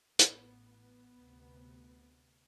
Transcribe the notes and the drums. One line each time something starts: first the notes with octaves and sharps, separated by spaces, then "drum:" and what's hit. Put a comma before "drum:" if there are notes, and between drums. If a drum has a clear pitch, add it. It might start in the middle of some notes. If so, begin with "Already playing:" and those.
A1 A2 B3, drum: hi-hat
B3
D2 C3